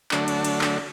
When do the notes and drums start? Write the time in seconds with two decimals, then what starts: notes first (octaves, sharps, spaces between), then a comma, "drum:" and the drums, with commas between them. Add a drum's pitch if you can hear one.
0.11 D3 F#3 A3 D4, drum: clap
0.28 drum: cymbal
0.45 drum: cymbal
0.61 drum: clap